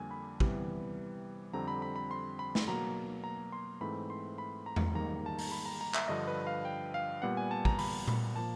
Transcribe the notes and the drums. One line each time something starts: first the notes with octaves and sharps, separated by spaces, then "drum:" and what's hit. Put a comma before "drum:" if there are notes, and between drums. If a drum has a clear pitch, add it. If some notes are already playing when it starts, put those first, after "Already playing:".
Already playing: F2 D3 G3 A#3 G#5
B5
C3 E3 G3 B3, drum: kick
F2 D3 G3 C4 A#5
B5
B5
B5
C6
B5
drum: snare
B2 F#3 A#3 A#5
A#5
C6
G#2 E3 A3 C4 B5
C6
B5
A#5
drum: tom E2
G#2 D#3 G3 A#3 A#5
A5
A#5, drum: open hi-hat
B5
A#5
A#5
E5, drum: clap
G2 D3 F3 D#5
B4
F5
G5
F5
A#2 G3 B3 F#5
G#5
A5
A#5, drum: kick
B5, drum: open hi-hat
drum: tom A#2
F3 A#3 A5